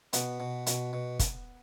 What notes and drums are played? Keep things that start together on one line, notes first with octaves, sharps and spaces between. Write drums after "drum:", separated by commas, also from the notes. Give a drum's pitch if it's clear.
B2 B3, drum: hi-hat
B2
B2, drum: hi-hat
B2
drum: kick, hi-hat